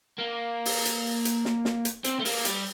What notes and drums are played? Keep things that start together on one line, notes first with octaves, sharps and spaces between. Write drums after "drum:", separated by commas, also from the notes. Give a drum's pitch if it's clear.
A#3
drum: open hi-hat
drum: hi-hat
drum: hi-hat
drum: snare
drum: snare
drum: hi-hat
C4, drum: hi-hat
A3
A#3, drum: open hi-hat
G3, drum: hi-hat